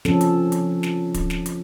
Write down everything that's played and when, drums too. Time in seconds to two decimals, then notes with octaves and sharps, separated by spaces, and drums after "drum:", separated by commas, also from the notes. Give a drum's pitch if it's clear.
0.05 C#3 F3 C4 C#4 A4, drum: snare
0.21 drum: hi-hat
0.52 drum: hi-hat
0.83 drum: snare
1.14 drum: kick, hi-hat
1.30 drum: snare
1.46 drum: hi-hat